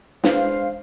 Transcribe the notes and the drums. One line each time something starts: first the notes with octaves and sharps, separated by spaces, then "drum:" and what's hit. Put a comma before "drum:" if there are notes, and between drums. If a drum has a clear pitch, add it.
G#3 D4 B4 C5 F5, drum: snare